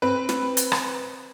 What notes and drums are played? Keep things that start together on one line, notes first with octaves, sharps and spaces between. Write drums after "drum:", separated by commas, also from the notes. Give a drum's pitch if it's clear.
C4 B4
drum: snare
drum: hi-hat
drum: rim click